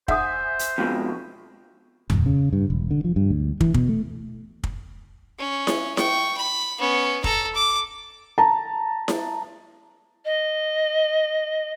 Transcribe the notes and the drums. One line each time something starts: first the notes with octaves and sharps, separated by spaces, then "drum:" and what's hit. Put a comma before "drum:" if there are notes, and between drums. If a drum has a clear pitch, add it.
C5 E5 F#5 G#5 D#6, drum: kick
drum: hi-hat
F2 G#2 B2
D#1, drum: tom F2
C#3
G2
E1
D3
F3
G2
D2
E3, drum: kick
B2, drum: kick
A3
drum: kick
C#4
drum: snare E4
G5 C#6, drum: snare E4
B5
B3 C#4
A4 A#5, drum: kick
D6
A5 A#5
drum: snare E4
D#5